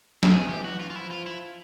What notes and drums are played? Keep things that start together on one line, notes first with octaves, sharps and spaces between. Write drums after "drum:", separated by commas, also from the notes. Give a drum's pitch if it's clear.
A4, drum: snare
E3 G#4
G4
F#4
F4
F4
F3 E4
F4
E4